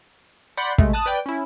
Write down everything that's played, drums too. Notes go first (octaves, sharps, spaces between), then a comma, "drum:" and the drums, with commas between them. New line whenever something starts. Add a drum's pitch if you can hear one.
D5 F#5 B5 C6 G6
C3 G#3 A3, drum: kick
A5 D#6 F#6 A6
B4 D5 G5
C#4 E4